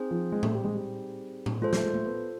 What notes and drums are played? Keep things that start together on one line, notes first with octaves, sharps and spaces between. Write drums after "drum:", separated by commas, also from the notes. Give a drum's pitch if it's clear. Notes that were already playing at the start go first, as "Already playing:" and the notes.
Already playing: C4 D#4 G#4 C5
F3
G#3
A3, drum: tom A2
G3
G#3
G3
drum: tom A2
G#3 F4 A4 C5
A3, drum: snare
G#3
A3
B3